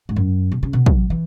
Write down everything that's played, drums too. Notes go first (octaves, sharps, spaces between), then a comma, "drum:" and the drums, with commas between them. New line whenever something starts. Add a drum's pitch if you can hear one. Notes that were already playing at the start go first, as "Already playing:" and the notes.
G#2
F#2
B2
C#3
B2
F#3, drum: kick
E3